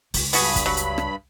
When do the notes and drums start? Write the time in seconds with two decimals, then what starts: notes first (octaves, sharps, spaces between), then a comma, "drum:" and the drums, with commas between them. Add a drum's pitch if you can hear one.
0.14 C#2, drum: open hi-hat
0.33 G2 B3 F#4 G#4 B5, drum: open hi-hat
0.56 drum: kick, hi-hat
0.66 F#3
0.77 drum: hi-hat
0.98 drum: rim click